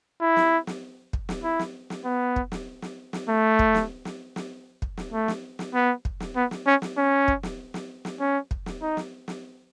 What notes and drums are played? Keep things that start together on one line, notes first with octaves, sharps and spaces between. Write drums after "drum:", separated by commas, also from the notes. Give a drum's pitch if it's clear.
E4
drum: snare
drum: snare
drum: kick
drum: snare
E4
drum: snare
drum: snare
B3
drum: kick
drum: snare
drum: snare
drum: snare
A3
drum: kick
drum: snare
drum: snare
drum: snare
drum: kick
drum: snare
A3
drum: snare
drum: snare
B3
drum: kick
drum: snare
B3
drum: snare
C#4
drum: snare
C#4
drum: kick
drum: snare
drum: snare
drum: snare
C#4
drum: kick
drum: snare
D#4
drum: snare
drum: snare